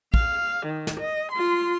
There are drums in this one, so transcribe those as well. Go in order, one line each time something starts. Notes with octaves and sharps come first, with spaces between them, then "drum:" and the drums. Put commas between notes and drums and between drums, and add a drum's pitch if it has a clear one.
F5, drum: kick
D#3
drum: snare
D#5
F4 C6